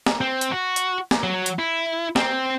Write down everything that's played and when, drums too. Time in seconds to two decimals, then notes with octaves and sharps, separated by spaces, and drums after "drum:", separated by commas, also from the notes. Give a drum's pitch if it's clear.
0.06 drum: snare
0.21 C4
0.41 drum: hi-hat
0.52 F#4
0.76 drum: hi-hat
1.11 drum: snare
1.23 F#3
1.46 drum: hi-hat
1.59 E4
2.16 C4, drum: snare